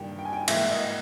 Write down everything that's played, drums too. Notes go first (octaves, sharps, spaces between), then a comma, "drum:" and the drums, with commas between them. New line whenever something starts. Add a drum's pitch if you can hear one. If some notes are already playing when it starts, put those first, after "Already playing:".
Already playing: G2 D#3 G3 A#3 G5
G5
G#5
G5
G#2 E3 A#3 E5, drum: cymbal
D#5